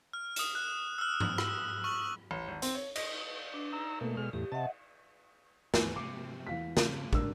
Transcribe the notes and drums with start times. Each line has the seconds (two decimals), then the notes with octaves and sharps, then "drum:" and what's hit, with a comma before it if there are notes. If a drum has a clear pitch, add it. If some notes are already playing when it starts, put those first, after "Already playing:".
0.13 F6
0.36 D#6 E7, drum: hi-hat
0.55 F#6
0.98 E6 F6
1.20 drum: tom G#2
1.38 E6, drum: rim click
1.84 C#6 F6 F#7
2.31 A1
2.48 G#1
2.62 C4, drum: hi-hat
2.75 C#5
2.96 D#5, drum: cymbal
3.54 D4
3.73 D#4 A#5 E6
4.01 B2 A3 A#3 A4
4.17 B2 G#3 F6
4.33 E2 A2 G4
4.52 C3 D#5 E5 F#5 A5
5.74 D2 G2 E3 B3 G#5, drum: snare
5.96 C3 D6
6.47 E2 F5 B6
6.77 C#3 C4, drum: snare
7.13 A2 C#3 G#3 D4 A#4 E6, drum: kick